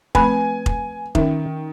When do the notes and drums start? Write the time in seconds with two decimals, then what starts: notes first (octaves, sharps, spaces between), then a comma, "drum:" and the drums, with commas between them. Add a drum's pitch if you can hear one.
0.15 F3 A3 C4 B4 G#5, drum: kick F1
0.66 drum: kick F1
1.15 D#3 C#4 A#4 E5, drum: kick F1